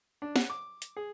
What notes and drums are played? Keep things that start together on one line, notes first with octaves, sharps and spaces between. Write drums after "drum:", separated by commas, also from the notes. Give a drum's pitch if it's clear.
D4
F#5, drum: snare
D6
drum: hi-hat
G#4